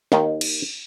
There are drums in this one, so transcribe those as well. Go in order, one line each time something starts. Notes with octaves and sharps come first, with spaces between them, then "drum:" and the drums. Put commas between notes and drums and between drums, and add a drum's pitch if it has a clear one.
D#2 D#3, drum: snare
drum: cymbal